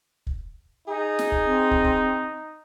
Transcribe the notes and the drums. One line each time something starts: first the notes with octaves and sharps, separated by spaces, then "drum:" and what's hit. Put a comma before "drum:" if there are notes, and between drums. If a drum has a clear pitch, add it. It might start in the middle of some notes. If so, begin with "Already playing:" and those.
drum: kick
D#4 G#4
drum: snare
drum: kick
C4
drum: kick
drum: kick